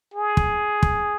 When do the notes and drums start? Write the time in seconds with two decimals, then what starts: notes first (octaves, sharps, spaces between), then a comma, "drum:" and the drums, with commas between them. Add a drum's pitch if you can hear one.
0.14 G#4
0.37 drum: kick
0.83 drum: kick